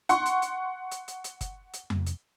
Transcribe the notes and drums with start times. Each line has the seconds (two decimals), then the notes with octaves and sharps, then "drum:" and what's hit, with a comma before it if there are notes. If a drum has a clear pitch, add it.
0.09 F#5 C6 C#6, drum: hi-hat
0.26 drum: hi-hat
0.42 drum: hi-hat
0.91 drum: hi-hat
1.08 drum: hi-hat
1.24 drum: hi-hat
1.41 drum: kick, hi-hat
1.74 drum: hi-hat
1.90 drum: tom F2
2.06 drum: hi-hat